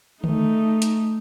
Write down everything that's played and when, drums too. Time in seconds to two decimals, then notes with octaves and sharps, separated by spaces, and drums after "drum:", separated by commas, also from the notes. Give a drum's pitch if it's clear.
0.24 A3 D#4, drum: tom D3
0.82 drum: hi-hat